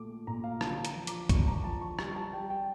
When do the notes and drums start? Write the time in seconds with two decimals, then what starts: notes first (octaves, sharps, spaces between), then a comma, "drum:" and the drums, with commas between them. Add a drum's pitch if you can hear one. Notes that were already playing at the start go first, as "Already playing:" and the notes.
Already playing: A#2 A3 D6
0.27 A#2 A#5
0.44 F5
0.61 D3 A5, drum: rim click
0.85 A#5, drum: hi-hat
0.96 F3
1.07 D6, drum: hi-hat
1.29 D3 C#6, drum: kick, hi-hat
1.48 A#5
1.64 F3 A5
1.82 C#6
1.99 G3 C#6, drum: rim click
2.16 A5
2.33 G3 G5
2.50 G5